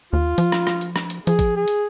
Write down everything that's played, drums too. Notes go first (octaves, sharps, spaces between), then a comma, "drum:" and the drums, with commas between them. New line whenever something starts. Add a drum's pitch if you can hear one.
D#2 F4
F3, drum: hi-hat
drum: rim click
drum: rim click
drum: hi-hat
drum: rim click
drum: hi-hat
F3 G#4, drum: hi-hat
drum: kick G#1, hi-hat
G#4
drum: hi-hat